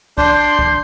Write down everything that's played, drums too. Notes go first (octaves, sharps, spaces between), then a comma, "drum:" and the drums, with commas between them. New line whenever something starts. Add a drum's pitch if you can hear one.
D4 C6 G6, drum: kick
drum: kick